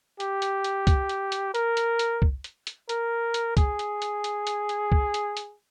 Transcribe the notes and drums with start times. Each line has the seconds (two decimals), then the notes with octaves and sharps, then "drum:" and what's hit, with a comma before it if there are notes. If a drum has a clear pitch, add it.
0.20 G4, drum: hi-hat
0.42 drum: hi-hat
0.64 drum: hi-hat
0.87 drum: kick C2, hi-hat
1.09 drum: hi-hat
1.32 drum: hi-hat
1.55 A#4, drum: hi-hat
1.77 drum: hi-hat
1.99 drum: hi-hat
2.22 drum: kick C2
2.44 drum: hi-hat
2.67 drum: hi-hat
2.89 A#4, drum: hi-hat
3.34 drum: hi-hat
3.57 G#4, drum: kick C2, hi-hat
3.79 drum: hi-hat
4.02 drum: hi-hat
4.24 drum: hi-hat
4.47 drum: hi-hat
4.69 drum: hi-hat
4.92 drum: kick C2
5.14 drum: hi-hat
5.37 drum: hi-hat